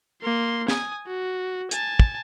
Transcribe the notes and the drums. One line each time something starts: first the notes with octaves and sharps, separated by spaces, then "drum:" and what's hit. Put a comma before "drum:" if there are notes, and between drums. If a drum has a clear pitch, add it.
A#3 C6
G#5 D#6, drum: snare
F#4
G#5 A5, drum: hi-hat
drum: kick